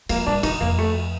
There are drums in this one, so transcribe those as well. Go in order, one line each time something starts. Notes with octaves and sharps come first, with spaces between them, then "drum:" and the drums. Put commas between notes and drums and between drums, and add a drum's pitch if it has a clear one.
F3 A#3, drum: cymbal
G3 D4
D#3 D#4, drum: cymbal
F2 A#3
A3